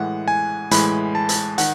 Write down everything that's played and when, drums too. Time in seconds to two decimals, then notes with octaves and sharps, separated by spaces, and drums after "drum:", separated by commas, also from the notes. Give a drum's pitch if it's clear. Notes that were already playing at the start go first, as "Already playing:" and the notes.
Already playing: A2 E3 G#3 F#5
0.28 G#5
0.71 A2 E3 G#3 B5, drum: hi-hat
1.15 A5
1.29 drum: hi-hat
1.58 D#3 F#5, drum: hi-hat